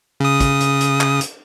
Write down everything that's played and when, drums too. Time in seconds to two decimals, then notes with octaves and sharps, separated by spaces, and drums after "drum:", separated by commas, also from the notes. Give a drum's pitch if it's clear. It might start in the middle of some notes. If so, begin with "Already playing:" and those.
0.20 C#3 D#6
0.40 drum: kick, hi-hat
0.60 drum: hi-hat
0.81 drum: hi-hat
1.01 drum: clap
1.21 drum: hi-hat